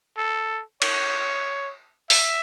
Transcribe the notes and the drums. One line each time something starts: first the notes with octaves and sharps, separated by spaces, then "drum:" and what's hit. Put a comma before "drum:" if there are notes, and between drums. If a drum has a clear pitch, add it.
A4
C#5, drum: cymbal
E5, drum: open hi-hat